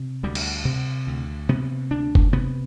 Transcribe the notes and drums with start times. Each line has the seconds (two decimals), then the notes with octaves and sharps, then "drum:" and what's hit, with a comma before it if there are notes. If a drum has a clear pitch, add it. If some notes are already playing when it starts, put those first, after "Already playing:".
Already playing: C3
0.23 D2 G3
0.35 drum: cymbal
0.65 C3
1.07 D2
1.49 C3 B3
1.91 D2 D4
2.15 drum: kick F#1
2.33 C3 B3